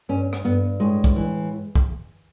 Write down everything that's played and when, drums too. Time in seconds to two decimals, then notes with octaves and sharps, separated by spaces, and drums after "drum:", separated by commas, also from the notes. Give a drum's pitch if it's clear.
0.09 G2 C#4
0.33 drum: rim click
0.44 G2 B3
0.80 A2 G#3
1.04 drum: kick
1.16 E3
1.75 drum: kick